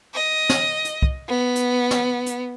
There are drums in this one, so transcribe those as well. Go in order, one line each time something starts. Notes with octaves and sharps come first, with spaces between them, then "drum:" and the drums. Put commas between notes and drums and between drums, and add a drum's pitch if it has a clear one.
D#5
drum: snare
drum: hi-hat
drum: kick
B3
drum: hi-hat
drum: snare
drum: hi-hat